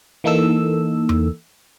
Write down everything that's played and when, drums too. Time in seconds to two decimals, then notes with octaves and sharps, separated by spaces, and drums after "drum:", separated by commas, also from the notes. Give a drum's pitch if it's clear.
0.24 E3 A#3 D#4 A4 E6
1.09 drum: tom E2